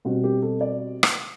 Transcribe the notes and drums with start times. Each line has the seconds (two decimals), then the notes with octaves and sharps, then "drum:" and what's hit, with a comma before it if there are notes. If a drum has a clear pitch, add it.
0.05 B2 G3 C4 F#4
0.24 G4
0.42 A4
0.61 D5
1.03 drum: rim click